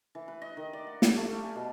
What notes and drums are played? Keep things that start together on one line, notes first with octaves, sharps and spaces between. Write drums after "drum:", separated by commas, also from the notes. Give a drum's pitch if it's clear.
E3
B4
D#5
D#3
D5
F#5
G4, drum: snare
A3
F5
G#5
B2